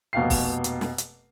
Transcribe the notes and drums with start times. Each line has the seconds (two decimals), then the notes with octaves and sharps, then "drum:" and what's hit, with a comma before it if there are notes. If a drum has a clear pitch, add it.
0.13 F1 B2 A#3 F5 G5 C7
0.30 drum: kick, open hi-hat
0.64 drum: hi-hat
0.81 drum: snare
0.98 drum: hi-hat